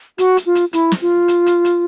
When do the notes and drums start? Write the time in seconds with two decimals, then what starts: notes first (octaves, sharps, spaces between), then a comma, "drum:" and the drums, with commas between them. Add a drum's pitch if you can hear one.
0.18 F#4, drum: hi-hat
0.37 drum: hi-hat
0.46 F4
0.55 drum: hi-hat
0.73 E4, drum: hi-hat
0.92 drum: snare
1.01 F4
1.28 drum: hi-hat
1.46 drum: hi-hat
1.65 drum: hi-hat